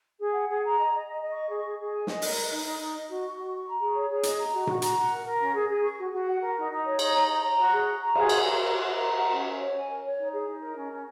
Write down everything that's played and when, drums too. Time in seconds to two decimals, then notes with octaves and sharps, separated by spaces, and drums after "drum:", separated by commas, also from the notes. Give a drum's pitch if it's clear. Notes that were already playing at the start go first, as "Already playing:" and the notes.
0.18 G#4
0.33 F#5
0.47 G#4
0.62 A#5
0.76 D#5
0.91 D#5
1.06 D#5
1.20 D#5
1.34 C#6
1.49 G#4
1.63 G#4
1.77 G#4
1.92 G#5
2.07 D#5, drum: snare
2.22 A#4, drum: open hi-hat
2.36 D#5
2.51 D#4
2.64 D#4
2.79 D#4
2.94 D#5
3.08 F#4
3.22 C#6
3.37 F#4
3.52 C#6
3.66 A#5
3.80 G#4
3.94 C#5
4.09 G#4
4.23 D#5, drum: hi-hat
4.38 A#5
4.53 F#4
4.67 F#4, drum: tom A#2
4.82 A#5, drum: hi-hat
4.96 F#5
5.11 A#4
5.25 A#4
5.40 C#4
5.54 G#4
5.69 G#4
5.84 C#6
5.97 F#4
6.12 F#4
6.26 F#5
6.42 A#4
6.55 D#4
6.70 D#4
6.85 C#5
6.99 D#4, drum: cymbal
7.14 A#5
7.28 A#5
7.43 A#5
7.57 F#4
7.72 G#4
7.86 C#6
8.00 A#5
8.15 G#4, drum: cymbal
8.29 F#5, drum: cymbal
8.43 A#4
8.58 A#4
8.73 F#4
8.88 A#4
9.02 A#5
9.16 F#5
9.30 C#4
9.46 A#4
9.60 C#5
9.74 G#5
9.89 A#4
10.04 C#5
10.18 D#4
10.33 G#4
10.47 D#4
10.61 A#4
10.75 C#4
10.90 C#4